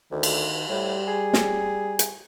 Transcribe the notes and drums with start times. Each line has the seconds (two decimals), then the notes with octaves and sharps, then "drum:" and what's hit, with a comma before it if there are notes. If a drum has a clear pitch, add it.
0.11 D2 D#3
0.23 drum: cymbal
0.69 A2 G3
1.08 G#4
1.33 drum: snare
1.99 drum: hi-hat